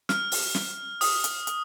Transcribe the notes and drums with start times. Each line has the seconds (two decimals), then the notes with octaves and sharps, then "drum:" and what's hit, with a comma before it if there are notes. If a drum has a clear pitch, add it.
0.09 F6, drum: snare
0.32 drum: open hi-hat
0.55 drum: snare
1.01 D#6, drum: open hi-hat
1.24 drum: hi-hat
1.47 drum: hi-hat